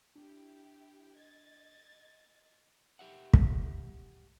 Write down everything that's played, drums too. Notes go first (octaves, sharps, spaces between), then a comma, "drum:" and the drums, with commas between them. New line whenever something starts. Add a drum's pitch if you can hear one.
D4 E4 G4
D#5 G#6 A6
G4 E5 F#5
drum: kick